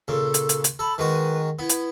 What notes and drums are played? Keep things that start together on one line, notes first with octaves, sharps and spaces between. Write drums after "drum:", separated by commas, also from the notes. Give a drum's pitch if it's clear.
A#2 C#3 A4
drum: hi-hat
drum: hi-hat
drum: hi-hat
A4 B5
D#3 G#3 F#4 B4
B3 E4
drum: hi-hat